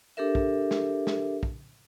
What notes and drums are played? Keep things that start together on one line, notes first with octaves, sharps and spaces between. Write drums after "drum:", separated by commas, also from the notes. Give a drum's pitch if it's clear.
D4 G4 A4 A#4 E5
drum: kick
drum: snare
drum: snare
drum: kick